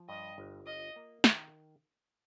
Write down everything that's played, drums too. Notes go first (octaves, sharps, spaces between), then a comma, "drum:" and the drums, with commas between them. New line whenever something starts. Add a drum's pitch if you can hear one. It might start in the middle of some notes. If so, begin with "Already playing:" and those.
Already playing: F3
G2 D#5
G1
F4 D#5
A#3
D#3, drum: snare